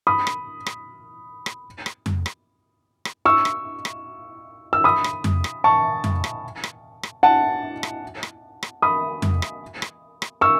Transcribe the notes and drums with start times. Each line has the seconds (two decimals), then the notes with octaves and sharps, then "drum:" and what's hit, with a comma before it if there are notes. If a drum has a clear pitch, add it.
0.07 B5 D#6
0.27 drum: rim click
0.66 drum: rim click
1.46 drum: rim click
1.86 drum: rim click
2.06 drum: tom F2
2.26 drum: rim click
3.05 drum: rim click
3.25 C#6 E6
3.45 drum: rim click
3.85 drum: rim click
4.73 E6
4.84 B5 D#6
5.04 drum: rim click
5.24 drum: tom F2
5.44 drum: rim click
5.64 A5 C#6
6.04 drum: tom F2
6.24 drum: rim click
6.64 drum: rim click
7.03 drum: rim click
7.23 F#5 A5
7.83 drum: rim click
8.23 drum: rim click
8.63 drum: rim click
8.82 B5 D#6
9.22 drum: tom F2
9.42 drum: rim click
9.82 drum: rim click
10.22 drum: rim click
10.41 C#6 E6